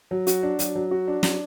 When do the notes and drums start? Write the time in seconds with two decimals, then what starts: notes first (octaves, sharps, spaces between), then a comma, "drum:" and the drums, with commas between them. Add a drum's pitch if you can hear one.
0.11 F#3
0.27 F#4, drum: hi-hat
0.43 D4
0.59 F#3, drum: hi-hat
0.75 F#3
0.91 F#4
1.08 D4
1.23 F#3, drum: snare